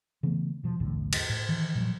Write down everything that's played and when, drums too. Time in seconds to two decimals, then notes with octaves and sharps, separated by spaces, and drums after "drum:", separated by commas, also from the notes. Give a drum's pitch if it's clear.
0.23 C#3 E3 A3 B3
0.64 B2 F3
0.80 B1 E2 A2 D3
1.13 drum: cymbal
1.29 A2
1.49 D#3 E3
1.75 A#2 F3 F#3